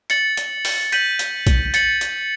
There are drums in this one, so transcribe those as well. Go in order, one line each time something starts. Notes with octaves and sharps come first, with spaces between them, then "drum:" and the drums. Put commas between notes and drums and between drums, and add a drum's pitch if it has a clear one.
A6 C#7 F#7, drum: hi-hat
drum: hi-hat
drum: open hi-hat
G6 B6 D#7 F#7, drum: hi-hat
drum: hi-hat
drum: kick, hi-hat
A6 C#7 F#7, drum: hi-hat
drum: hi-hat